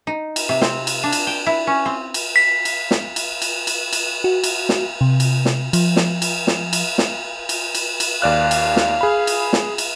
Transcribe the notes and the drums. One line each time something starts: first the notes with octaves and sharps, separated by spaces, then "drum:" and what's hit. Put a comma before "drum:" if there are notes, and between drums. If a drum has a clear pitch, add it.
D#4
drum: cymbal
C3
C4, drum: snare
drum: cymbal
D4
drum: cymbal
G5
E4
C#4
C4
drum: cymbal
B6
drum: cymbal
drum: snare
drum: cymbal
drum: cymbal
drum: cymbal
drum: cymbal
F#4
drum: cymbal
drum: snare
C3
drum: cymbal
drum: snare
F3, drum: cymbal
drum: snare
drum: cymbal
drum: snare
drum: cymbal
drum: snare
drum: cymbal
drum: cymbal
drum: cymbal
D#2 D5 F5 F#6
drum: cymbal
drum: snare
G#4 B5
drum: cymbal
drum: snare
drum: cymbal